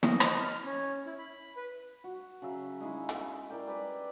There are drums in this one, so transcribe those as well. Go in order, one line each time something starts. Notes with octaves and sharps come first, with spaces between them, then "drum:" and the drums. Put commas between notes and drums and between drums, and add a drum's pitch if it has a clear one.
D#5, drum: snare
drum: rim click
F6
C#4
E4
B5
B4
F#4
C#3 F#3 E5
G#3 D#4 E4
E5, drum: hi-hat
E4 A#4 D5 G5
G4 B4 D5